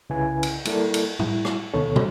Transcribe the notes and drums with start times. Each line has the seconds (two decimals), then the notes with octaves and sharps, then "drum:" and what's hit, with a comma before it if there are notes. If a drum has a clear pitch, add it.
0.09 C2 C#3 C#4 E4 B4 G#5
0.43 drum: cymbal
0.65 G3 A#3 E4 A4 A#4 D5, drum: cymbal
0.94 drum: cymbal
1.19 G3 E4, drum: tom
1.45 drum: rim click
1.74 D2 B2 D#3 B3 A4 C#5
1.96 drum: tom